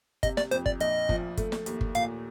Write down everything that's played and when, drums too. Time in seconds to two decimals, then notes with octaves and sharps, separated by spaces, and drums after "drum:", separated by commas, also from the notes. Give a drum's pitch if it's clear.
0.23 C3 D#5, drum: kick G1, hi-hat
0.37 D5, drum: snare
0.51 F2 C5, drum: hi-hat
0.66 D5, drum: kick G1
0.80 A#1 D#5, drum: hi-hat
1.09 F3, drum: kick G1
1.37 A3, drum: kick G1, hi-hat
1.52 drum: snare
1.66 D#2, drum: hi-hat
1.81 drum: kick G1
1.95 A#2 F5, drum: hi-hat